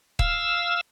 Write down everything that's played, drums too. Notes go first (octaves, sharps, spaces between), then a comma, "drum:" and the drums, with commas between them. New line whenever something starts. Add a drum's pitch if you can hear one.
F5 E6, drum: kick D#1